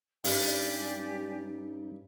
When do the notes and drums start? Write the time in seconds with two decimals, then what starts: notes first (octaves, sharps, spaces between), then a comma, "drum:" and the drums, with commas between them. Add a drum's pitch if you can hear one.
0.24 G2 G3 C#4 D#4 G4 D5 G#5, drum: open hi-hat